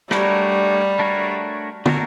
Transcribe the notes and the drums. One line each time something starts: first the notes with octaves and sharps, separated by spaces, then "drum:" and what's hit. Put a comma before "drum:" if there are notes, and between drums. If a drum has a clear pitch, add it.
G3 A3 D4 F#4 A#4 C#5, drum: rim click
A3 D4 F#4 A#4 C#5
A3 D4 F#4 A#4 C#5, drum: tom